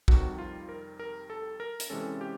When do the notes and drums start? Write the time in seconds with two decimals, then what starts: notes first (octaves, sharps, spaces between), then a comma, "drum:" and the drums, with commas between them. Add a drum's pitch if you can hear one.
0.08 F2 C3 D#3 G3 F#4, drum: kick
0.38 F4
0.69 A#4
0.99 A#4
1.30 A4
1.60 A#4
1.80 drum: hi-hat
1.90 C3 E3 G#3 C#4 A4
2.21 G4